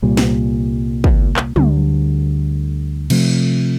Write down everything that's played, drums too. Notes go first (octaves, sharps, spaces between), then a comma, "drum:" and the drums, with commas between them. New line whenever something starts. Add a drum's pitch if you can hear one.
C2 A#2 G3
drum: snare
drum: kick
drum: clap
D2 D3 G3, drum: tom
C3 F3 A3, drum: cymbal